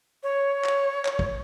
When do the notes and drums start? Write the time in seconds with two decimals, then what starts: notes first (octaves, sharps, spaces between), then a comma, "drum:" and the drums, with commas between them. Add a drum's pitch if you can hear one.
0.23 C#5
0.64 drum: clap
1.05 drum: clap
1.19 drum: kick